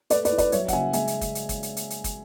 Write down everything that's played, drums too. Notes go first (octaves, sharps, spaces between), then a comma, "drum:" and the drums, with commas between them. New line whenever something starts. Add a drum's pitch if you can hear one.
A3 B4 D5, drum: hi-hat
B4 D5, drum: hi-hat
E3
B4 D5, drum: kick, hi-hat
F#3 C#5 E5, drum: hi-hat
F#5, drum: kick, hi-hat
C#3 E5 G#5
G#3 E5 G#5, drum: hi-hat
drum: hi-hat
drum: kick, hi-hat
drum: hi-hat
drum: kick, hi-hat
drum: hi-hat
drum: hi-hat
drum: hi-hat
drum: kick, hi-hat